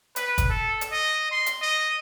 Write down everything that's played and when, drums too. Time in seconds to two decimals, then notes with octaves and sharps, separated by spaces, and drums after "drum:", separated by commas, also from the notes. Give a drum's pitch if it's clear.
0.16 B4, drum: hi-hat
0.38 drum: kick, hi-hat
0.50 A4
0.81 drum: hi-hat
0.92 D#5
1.31 C6
1.46 drum: hi-hat
1.62 D#5